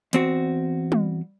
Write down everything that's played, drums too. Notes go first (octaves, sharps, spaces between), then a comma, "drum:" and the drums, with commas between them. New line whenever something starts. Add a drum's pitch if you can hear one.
E2 C4 F#4, drum: hi-hat
drum: tom G3